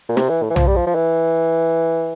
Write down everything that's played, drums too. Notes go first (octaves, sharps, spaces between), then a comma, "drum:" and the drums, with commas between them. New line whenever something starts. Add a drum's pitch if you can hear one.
A#2
C3, drum: snare
E3
A2
E3
F3, drum: tom
G3
F3
F3
E3